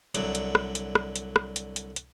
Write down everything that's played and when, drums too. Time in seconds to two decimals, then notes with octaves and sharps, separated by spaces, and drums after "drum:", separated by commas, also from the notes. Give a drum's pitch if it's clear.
0.15 C2 D3 F#3, drum: hi-hat
0.35 drum: hi-hat
0.55 drum: rim click
0.75 drum: hi-hat
0.95 drum: rim click
1.16 drum: hi-hat
1.36 drum: rim click
1.56 drum: hi-hat
1.76 drum: hi-hat
1.96 drum: hi-hat